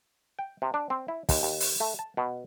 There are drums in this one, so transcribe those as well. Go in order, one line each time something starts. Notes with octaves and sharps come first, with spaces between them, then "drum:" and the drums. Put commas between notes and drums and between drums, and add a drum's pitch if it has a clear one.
G5
C3
D4
C4
E4
D#2, drum: kick, open hi-hat
D#2
drum: open hi-hat
A3
A5
B2